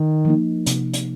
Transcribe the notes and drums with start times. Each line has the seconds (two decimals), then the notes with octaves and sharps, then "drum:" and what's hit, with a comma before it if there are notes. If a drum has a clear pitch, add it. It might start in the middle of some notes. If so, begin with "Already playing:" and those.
Already playing: D#3
0.25 F3 A#3 D#4
0.66 C3, drum: hi-hat
0.93 drum: hi-hat